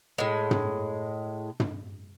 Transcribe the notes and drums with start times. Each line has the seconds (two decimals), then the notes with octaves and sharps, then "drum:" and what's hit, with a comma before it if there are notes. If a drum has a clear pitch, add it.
0.18 A2 G#3
0.51 drum: tom
1.60 drum: tom